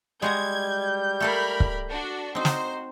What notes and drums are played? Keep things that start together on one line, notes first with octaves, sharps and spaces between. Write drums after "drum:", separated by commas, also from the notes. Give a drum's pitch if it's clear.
G3 G#3 F#4 A#5 G6 G#6
A3 A4 A#4 F5 B5
drum: kick
D4 F#4
C4 D#4 F#4 C5
drum: snare